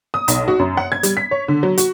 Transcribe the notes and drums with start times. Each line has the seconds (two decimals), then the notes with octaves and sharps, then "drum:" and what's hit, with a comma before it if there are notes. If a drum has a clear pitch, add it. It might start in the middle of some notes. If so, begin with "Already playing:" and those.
0.14 D#6
0.28 B1, drum: hi-hat
0.48 F#4
0.59 F#2
0.77 F#5
0.92 G#6
1.03 G3, drum: hi-hat
1.17 B6
1.31 C#5
1.48 D3
1.63 F#3
1.78 F#4, drum: hi-hat